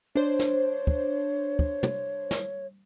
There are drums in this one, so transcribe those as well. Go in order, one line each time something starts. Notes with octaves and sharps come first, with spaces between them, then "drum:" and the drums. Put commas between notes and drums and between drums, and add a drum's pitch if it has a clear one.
D4 C5 C#5
drum: snare
drum: kick
drum: kick
drum: tom
drum: snare